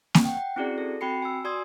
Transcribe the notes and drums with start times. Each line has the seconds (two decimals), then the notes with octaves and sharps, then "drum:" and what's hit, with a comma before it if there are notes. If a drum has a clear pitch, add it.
0.14 drum: snare A#3
0.25 F#5 G5
0.56 C4 C#4 E4 F#4 G#4 D5
0.78 A4
1.01 C4 F#4 G5 B5 C7 C#7
1.22 G#5 E6
1.45 F#4 D5 G#5 C6 D#6 G#6